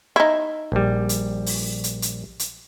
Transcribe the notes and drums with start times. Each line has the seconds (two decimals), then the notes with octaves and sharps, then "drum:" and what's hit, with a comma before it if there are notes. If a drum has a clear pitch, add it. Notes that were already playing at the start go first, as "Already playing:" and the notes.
0.16 D#4 E4
0.72 A#1 G3
1.09 drum: hi-hat
1.46 drum: open hi-hat
1.84 drum: hi-hat
2.02 drum: hi-hat
2.39 drum: hi-hat